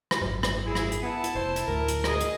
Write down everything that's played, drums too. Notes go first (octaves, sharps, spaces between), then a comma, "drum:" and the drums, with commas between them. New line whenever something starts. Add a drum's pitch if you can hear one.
drum: rim click
G#1 F#2
drum: rim click
E4 G#4
drum: rim click
drum: hi-hat
B3 E4 A5
drum: hi-hat
F1 C5
drum: hi-hat
D2 A2 A#4
drum: hi-hat
G#4 D#5, drum: rim click
drum: hi-hat